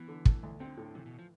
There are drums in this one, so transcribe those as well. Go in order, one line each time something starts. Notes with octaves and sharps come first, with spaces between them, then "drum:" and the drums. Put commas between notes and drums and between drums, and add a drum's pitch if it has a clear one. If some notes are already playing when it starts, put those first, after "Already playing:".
Already playing: E3 B3
D3
A3, drum: kick
D2
D3 C4
A2
C3 E3
B2
F3